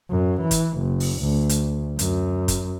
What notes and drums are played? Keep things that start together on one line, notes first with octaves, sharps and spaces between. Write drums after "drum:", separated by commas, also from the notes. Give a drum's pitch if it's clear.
F#2
E3
drum: kick, hi-hat
F#1
drum: open hi-hat
D2
drum: hi-hat
F#2, drum: hi-hat
drum: kick, hi-hat